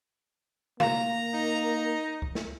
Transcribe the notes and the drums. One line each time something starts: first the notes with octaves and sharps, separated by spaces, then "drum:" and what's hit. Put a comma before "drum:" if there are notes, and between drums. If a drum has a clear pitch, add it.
A#3 F5 A#5, drum: tom
D#4
drum: kick C#2
drum: snare